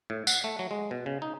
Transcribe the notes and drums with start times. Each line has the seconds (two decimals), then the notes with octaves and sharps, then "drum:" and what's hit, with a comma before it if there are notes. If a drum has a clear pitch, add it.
0.10 A2
0.27 F#5, drum: tambourine
0.44 A3
0.59 F#3
0.71 G#3
0.91 B2
1.06 C#3
1.22 D#4